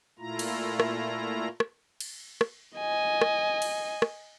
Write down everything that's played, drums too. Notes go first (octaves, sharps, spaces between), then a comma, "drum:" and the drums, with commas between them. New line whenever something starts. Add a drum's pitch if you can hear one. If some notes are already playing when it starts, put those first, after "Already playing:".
A#2 A3 E4 F4 A#5
drum: cymbal
drum: rim click
drum: rim click
drum: cymbal
drum: rim click
D#5 G#5
drum: rim click
drum: cymbal
drum: rim click